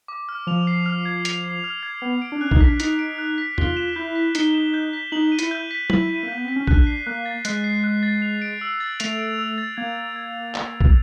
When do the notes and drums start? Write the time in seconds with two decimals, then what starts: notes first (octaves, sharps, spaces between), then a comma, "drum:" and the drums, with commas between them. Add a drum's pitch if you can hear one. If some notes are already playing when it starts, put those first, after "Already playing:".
0.08 D6
0.29 F6
0.47 F3 F7
0.67 C7
0.86 F6
1.05 G#6
1.25 F7, drum: hi-hat
1.44 C7
1.64 F6
1.83 G#6
2.02 B3 F7
2.22 D7
2.32 D4
2.41 C#4 F#6
2.51 D#4, drum: kick
2.61 D4 B6
2.80 D#4 F7, drum: hi-hat
2.99 D7
3.18 F#6
3.38 B6
3.58 F4 G7, drum: tom E2
3.77 E7
3.96 E4 G6
4.15 B6
4.35 D#4 G7, drum: hi-hat
4.54 E7
4.74 G6
4.93 B6
5.12 D#4 F#7
5.32 D#7
5.39 E4, drum: hi-hat
5.51 G6
5.71 B6
5.90 E4 F#7, drum: tom
6.09 D#7
6.23 A#3
6.28 B3 G6
6.45 C4 B6
6.56 C#4
6.67 D4 F#6, drum: kick
6.87 C7
7.06 A#3 F#6
7.25 A6
7.45 G#3 F#6, drum: hi-hat
7.64 C7
7.84 F#6
8.03 A6
8.22 F7
8.42 D7
8.61 E6
8.80 A6
9.00 A3 F7, drum: hi-hat
9.19 D7
9.39 E6
9.58 A6
9.77 A#3 G#6
9.96 F7
10.16 G#6
10.55 drum: clap
10.81 drum: kick